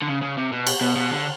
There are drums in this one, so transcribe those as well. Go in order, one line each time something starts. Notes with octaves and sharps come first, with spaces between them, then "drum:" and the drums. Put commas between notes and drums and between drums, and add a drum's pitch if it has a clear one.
D3
C#3
C#3
C3
B2
drum: cymbal
B2
B2
D3